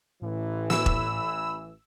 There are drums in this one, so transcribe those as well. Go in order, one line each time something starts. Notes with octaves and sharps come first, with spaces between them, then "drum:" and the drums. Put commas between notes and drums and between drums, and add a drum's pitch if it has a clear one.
A1 A2 E3
B5 E6, drum: snare
drum: kick E1